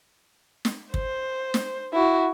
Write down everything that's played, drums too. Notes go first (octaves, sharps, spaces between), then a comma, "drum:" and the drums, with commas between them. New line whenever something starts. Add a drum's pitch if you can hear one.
drum: snare
C5, drum: kick
drum: snare
E4 F#4